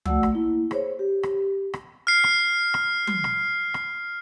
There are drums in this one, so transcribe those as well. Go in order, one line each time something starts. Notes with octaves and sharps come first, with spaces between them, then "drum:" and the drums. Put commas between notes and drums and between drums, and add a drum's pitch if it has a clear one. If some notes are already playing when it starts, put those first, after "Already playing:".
A3 F#4 D5 F#5 E6, drum: tom
drum: rim click
A#3 E4
G#4 C5 C#5, drum: rim click
G4
drum: rim click
drum: rim click
F6 C7
drum: rim click
drum: rim click
drum: tom F#3
drum: rim click
drum: rim click